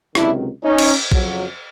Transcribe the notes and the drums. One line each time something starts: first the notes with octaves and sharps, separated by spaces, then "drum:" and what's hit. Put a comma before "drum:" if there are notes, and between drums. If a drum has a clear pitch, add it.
C#2 C3 D#3 F#3 D4 E4, drum: rim click
C#4 D#4
drum: cymbal
F2 C#3 F#3, drum: kick